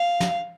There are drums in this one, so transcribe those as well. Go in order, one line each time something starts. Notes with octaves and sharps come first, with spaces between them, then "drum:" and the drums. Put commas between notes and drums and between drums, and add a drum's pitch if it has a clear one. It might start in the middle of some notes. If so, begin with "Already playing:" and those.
Already playing: F5
drum: snare